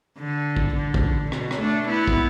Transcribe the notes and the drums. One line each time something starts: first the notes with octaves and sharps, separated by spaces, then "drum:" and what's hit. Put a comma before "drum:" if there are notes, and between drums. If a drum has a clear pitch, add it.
D3
drum: kick
D3
drum: kick
B2, drum: rim click
drum: rim click
A3 D4
B3 E4
drum: kick